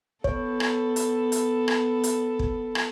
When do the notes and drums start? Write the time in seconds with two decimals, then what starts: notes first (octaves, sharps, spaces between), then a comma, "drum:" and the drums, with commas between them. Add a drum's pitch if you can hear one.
0.24 B3 A4 C#5, drum: kick
0.60 drum: rim click
0.96 drum: hi-hat
1.32 drum: hi-hat
1.68 drum: rim click
2.04 drum: hi-hat
2.39 drum: kick
2.75 drum: rim click